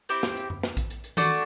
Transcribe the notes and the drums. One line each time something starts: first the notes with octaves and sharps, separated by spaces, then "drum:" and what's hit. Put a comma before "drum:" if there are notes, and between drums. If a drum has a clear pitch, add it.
C4 E4 G4
drum: snare
drum: hi-hat
drum: tom F#2
drum: snare
drum: kick A#1, hi-hat
drum: hi-hat
drum: hi-hat
A3 D4 F#4, drum: tom D#3